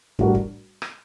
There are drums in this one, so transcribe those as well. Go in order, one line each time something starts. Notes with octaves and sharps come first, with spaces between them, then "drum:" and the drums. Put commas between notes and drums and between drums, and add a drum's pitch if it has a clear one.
A2 G3 D4 F#4 A#4, drum: kick
drum: kick
drum: rim click